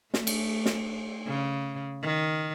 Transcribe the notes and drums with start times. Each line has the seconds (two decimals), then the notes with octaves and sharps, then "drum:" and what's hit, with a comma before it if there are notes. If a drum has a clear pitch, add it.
0.14 A3, drum: snare
0.27 drum: cymbal
0.66 drum: snare
1.27 C#3
2.03 D#3